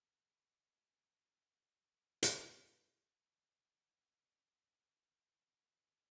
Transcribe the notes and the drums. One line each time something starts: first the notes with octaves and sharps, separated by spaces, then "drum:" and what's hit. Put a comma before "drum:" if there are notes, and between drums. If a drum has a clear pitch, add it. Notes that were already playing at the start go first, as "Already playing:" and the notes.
A#4 A#5
B4 B5
B4 B5
B4 B5
A#4 A#5
A4 A5
G#4 G#5
G4 G5
G#4 G#5
A4 A5
drum: hi-hat
G#5
G4 G5
G#4 G#5
F#4 F#5
F4 F5
F#4 F#5
G4 G5
F#4 F#5
G#4 G#5